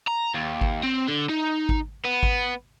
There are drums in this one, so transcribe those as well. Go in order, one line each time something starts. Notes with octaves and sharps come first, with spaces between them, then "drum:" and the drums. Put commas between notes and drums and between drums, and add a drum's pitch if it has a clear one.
A#5
D#2
drum: kick G#1
C4
D3
D#4
drum: kick G#1
B3
drum: kick G#1